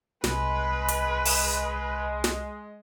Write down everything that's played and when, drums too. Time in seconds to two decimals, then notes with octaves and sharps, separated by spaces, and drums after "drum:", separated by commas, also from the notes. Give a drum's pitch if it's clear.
0.24 C2 G#3 B4, drum: snare
0.88 drum: hi-hat
1.25 drum: open hi-hat
2.24 drum: snare